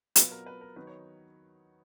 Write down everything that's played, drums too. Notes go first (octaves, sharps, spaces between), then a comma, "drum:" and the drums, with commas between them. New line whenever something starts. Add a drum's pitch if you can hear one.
B2 F#3 B3 F4 B4, drum: hi-hat
A#4
B4
A#4
D#3 F#3 B3 D#4 B4
C#5